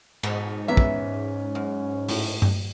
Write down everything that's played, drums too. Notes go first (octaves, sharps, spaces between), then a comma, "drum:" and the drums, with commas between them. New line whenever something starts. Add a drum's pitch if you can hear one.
G#2 B2, drum: cymbal
E2 B3 C#4 E5 A#5
drum: kick
F#2
A2, drum: open hi-hat
drum: tom G2